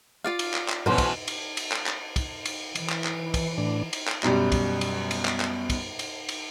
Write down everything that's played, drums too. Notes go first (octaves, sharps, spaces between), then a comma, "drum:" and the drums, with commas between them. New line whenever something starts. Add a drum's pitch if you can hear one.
F4 D5 F5
drum: cymbal
drum: clap
drum: clap
B1 E3 C#4 B4 C5
drum: kick, cymbal
drum: cymbal
drum: cymbal
drum: clap
drum: clap
drum: kick, cymbal
drum: cymbal
E3, drum: cymbal
drum: clap
drum: clap
drum: kick, cymbal
A2 D4
drum: cymbal
drum: clap
F#2 B2 G3, drum: clap
drum: kick, cymbal
drum: cymbal
drum: cymbal
drum: clap
drum: clap
drum: kick, cymbal
drum: cymbal
drum: cymbal